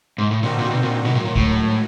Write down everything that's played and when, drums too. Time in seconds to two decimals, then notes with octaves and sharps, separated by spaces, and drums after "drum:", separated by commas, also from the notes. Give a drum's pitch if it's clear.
0.18 G#2
0.31 A2
0.43 A#2 D3 G3 C4 D#4 F#4
0.59 A#2
0.71 B2
0.83 A#2
1.05 G#2 B2 D#3 F#3
1.15 A#2
1.25 A#2
1.35 A2, drum: kick C#2